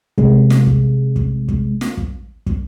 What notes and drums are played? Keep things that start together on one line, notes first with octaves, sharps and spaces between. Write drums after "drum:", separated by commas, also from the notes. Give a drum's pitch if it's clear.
C3 G#3, drum: kick
drum: snare
drum: kick
drum: kick
drum: kick
drum: snare
drum: kick
drum: kick